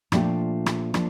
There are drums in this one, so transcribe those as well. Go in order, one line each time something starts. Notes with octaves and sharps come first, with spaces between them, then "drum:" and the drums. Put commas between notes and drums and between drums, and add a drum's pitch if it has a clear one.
A#2 F3 A3 D4 G4, drum: rim click
drum: rim click
F3 A#3 D4, drum: rim click